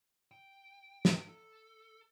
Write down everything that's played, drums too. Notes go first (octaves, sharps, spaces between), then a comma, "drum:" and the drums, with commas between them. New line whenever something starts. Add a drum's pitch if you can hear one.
G5
drum: snare
A4